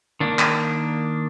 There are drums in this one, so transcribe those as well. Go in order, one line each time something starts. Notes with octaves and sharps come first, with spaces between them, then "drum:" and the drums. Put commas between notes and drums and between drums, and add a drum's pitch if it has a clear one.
D#3 A#3 D4
drum: clap